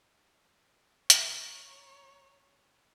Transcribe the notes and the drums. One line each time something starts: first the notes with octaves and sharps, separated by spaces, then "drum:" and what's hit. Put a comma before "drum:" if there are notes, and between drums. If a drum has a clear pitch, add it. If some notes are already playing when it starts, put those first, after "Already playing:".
C#5 A#5, drum: hi-hat